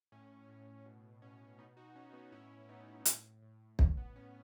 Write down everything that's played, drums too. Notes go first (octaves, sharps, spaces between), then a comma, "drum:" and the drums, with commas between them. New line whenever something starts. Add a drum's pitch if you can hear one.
A2 C#4
A2
B2
B2 C#4
B2 B3 D#4
D#4 F#4
B2 C#4
B3 D#4
A2 C#4 E4
A2 B3 D#4
A2, drum: hi-hat
A2
A2 C#4, drum: kick
B3
A2 C#4